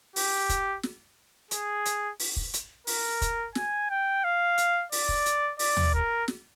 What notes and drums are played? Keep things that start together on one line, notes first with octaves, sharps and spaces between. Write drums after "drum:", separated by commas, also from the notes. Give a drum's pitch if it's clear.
G4, drum: open hi-hat
drum: kick, hi-hat
drum: snare
G#4, drum: hi-hat
drum: hi-hat
drum: open hi-hat
drum: kick
drum: hi-hat
A#4, drum: open hi-hat
drum: kick, hi-hat
G#5, drum: snare
G5
F5
drum: hi-hat
D5, drum: open hi-hat
drum: kick
drum: hi-hat
D5, drum: open hi-hat
drum: tom D#2
A#4, drum: kick
drum: snare